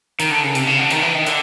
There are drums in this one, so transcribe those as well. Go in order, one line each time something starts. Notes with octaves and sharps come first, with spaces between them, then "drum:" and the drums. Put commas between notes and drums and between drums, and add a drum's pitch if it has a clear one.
D#3, drum: hi-hat
D3
C#3
C3, drum: hi-hat
C#3
D3
D#3, drum: hi-hat
E3
D#3
D3, drum: hi-hat